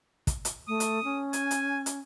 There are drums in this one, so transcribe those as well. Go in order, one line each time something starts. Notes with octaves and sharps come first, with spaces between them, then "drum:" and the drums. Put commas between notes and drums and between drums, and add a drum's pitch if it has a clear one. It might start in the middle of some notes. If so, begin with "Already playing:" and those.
drum: kick, hi-hat
drum: hi-hat
A3 D#6
drum: hi-hat
C#4
G#5, drum: hi-hat
drum: hi-hat
drum: hi-hat